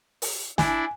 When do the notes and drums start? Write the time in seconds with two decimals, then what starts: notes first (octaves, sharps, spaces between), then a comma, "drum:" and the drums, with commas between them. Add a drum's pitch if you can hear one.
0.22 drum: open hi-hat
0.58 D4 E4 G#5, drum: snare